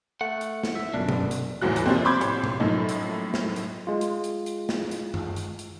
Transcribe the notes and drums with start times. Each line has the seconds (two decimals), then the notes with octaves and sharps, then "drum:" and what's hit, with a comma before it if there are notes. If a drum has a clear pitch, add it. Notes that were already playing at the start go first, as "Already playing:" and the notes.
0.21 A3 F#5
0.41 drum: hi-hat
0.64 drum: snare
0.75 E5
0.94 G1 F#2 B2 D4
1.09 drum: tom B2
1.31 drum: hi-hat
1.61 G1 E2 A2 F#4 F#6
1.76 drum: hi-hat
1.86 C3 F3 G3 A#3 C4
2.05 B5 C6 D6 G6 G#6
2.21 A1, drum: hi-hat
2.44 drum: tom B2
2.59 F#2 A2 F3 A#3 D#4
2.89 drum: hi-hat
3.34 drum: snare
3.56 drum: hi-hat
3.87 G#3 F4
4.01 drum: hi-hat
4.24 drum: hi-hat
4.46 drum: hi-hat
4.69 drum: snare
4.91 drum: hi-hat
5.14 drum: tom F#2
5.36 drum: hi-hat
5.59 drum: hi-hat